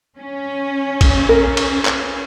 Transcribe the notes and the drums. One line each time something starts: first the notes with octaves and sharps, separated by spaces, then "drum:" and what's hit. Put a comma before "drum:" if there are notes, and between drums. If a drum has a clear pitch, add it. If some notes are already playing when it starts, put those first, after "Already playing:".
C#4
drum: kick A#1, cymbal
A#4
drum: cymbal
drum: clap